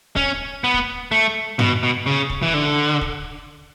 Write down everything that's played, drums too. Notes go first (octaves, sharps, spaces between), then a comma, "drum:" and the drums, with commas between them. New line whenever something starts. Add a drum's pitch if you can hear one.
C#4, drum: kick
B3
drum: kick
A3
B2, drum: tom G2
B2
C#3
drum: kick
E3
D3
drum: kick